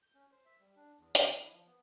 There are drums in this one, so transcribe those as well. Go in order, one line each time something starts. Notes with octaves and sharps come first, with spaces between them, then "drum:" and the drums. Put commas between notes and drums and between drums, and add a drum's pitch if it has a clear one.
G6
C#4
C5
E5
G3
D4
E2
C#3, drum: hi-hat
D#3
E4
F3
B3